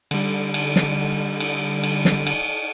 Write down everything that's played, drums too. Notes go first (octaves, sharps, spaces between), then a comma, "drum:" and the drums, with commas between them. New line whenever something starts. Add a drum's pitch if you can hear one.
D3 G3, drum: cymbal
drum: cymbal
drum: snare
drum: cymbal
drum: cymbal
drum: snare
drum: cymbal